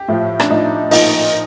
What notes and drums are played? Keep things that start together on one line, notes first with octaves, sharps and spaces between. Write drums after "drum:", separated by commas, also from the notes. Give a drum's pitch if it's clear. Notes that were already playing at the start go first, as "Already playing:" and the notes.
Already playing: G4
A2 F3
D4, drum: rim click
A2 F3 D#4
A#2 F3 D#4, drum: open hi-hat